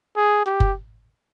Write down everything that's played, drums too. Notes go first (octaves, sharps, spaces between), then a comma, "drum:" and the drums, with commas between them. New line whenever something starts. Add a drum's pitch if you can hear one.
G#4
G4
drum: kick F#1